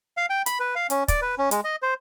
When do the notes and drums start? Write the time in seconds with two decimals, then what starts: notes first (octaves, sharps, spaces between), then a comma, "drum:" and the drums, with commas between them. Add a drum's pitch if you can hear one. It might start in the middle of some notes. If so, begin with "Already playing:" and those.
0.17 F5
0.30 G5
0.46 B5, drum: hi-hat
0.60 B4
0.75 F5
0.90 C#4, drum: hi-hat
1.08 D5, drum: kick, hi-hat
1.22 B4
1.38 C#4
1.51 G#3, drum: hi-hat
1.64 D#5
1.83 C5